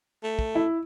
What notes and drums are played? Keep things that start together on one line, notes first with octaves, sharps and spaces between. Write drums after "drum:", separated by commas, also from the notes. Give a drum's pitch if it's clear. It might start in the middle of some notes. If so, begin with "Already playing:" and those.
A3
drum: kick
E4